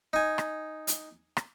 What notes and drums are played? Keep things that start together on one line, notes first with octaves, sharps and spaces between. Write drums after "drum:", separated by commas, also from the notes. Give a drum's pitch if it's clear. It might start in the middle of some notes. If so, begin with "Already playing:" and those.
D#4 G#5
drum: rim click
drum: hi-hat
drum: rim click